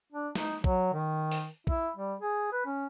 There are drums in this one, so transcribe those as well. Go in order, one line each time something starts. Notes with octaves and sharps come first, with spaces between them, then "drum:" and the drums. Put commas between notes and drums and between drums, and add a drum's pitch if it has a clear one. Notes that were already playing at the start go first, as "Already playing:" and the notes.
D4
D#4, drum: snare
F#3, drum: kick
D#3
drum: open hi-hat
E4, drum: kick
G3
G#4
B4
C#4